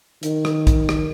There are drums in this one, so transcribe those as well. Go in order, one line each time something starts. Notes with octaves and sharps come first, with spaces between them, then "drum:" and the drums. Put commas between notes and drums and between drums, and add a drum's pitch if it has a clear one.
D#3, drum: hi-hat
drum: rim click
drum: kick, hi-hat
drum: rim click